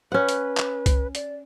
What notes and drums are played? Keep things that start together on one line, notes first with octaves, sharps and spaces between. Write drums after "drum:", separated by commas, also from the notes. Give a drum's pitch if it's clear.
C#4 B4 F#5
drum: hi-hat
drum: clap
drum: kick C2, hi-hat
D5, drum: hi-hat